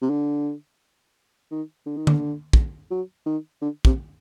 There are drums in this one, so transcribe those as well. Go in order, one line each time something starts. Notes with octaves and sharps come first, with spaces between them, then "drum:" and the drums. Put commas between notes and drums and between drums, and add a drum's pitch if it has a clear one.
C3
D3
D#3
D3
D#3
D3, drum: tom D3
drum: kick
F#3
D#3
D3
C3, drum: kick